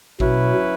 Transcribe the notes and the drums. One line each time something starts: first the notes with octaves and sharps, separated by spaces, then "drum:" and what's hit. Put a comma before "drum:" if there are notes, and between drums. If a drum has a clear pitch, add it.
B2 F#3 C#4 E4 B4, drum: kick A1